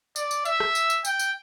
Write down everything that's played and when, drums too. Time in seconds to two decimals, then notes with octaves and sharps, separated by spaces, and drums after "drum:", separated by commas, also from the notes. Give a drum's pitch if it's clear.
0.16 D5, drum: tambourine
0.31 drum: tambourine
0.45 E5, drum: tambourine
0.60 drum: rim click
0.75 drum: tambourine
0.90 drum: tambourine
1.05 G5, drum: tambourine
1.19 drum: tambourine